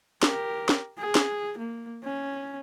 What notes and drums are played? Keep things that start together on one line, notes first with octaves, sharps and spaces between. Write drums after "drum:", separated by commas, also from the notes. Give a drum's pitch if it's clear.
G4 A#4, drum: snare
drum: snare
G#4
drum: snare
A#3
C#4